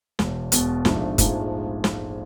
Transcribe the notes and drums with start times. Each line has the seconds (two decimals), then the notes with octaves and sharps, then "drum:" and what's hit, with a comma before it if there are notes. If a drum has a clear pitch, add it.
0.19 E1 E2 B2, drum: snare
0.52 E1 E2 B2, drum: hi-hat
0.85 A#1 G#2 F3 A3 D4, drum: snare
1.18 A#1 G#2 F3 A3 D4, drum: kick F#1, hi-hat
1.84 drum: snare